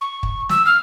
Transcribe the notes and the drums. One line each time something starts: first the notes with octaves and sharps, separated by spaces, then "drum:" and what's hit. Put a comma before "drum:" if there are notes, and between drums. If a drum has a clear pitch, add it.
C#6
drum: kick
E6, drum: snare
F6